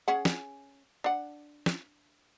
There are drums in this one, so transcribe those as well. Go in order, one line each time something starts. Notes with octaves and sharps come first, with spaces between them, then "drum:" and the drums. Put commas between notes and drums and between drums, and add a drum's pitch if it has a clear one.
C#4 G#4 F#5
drum: snare
D4 F#5
drum: snare